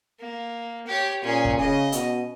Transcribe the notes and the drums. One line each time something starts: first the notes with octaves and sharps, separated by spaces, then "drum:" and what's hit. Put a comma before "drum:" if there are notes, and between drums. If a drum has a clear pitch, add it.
A#3
G4 C#5
A#2 C#4 G#4
drum: kick
C#3 D#5
B2, drum: hi-hat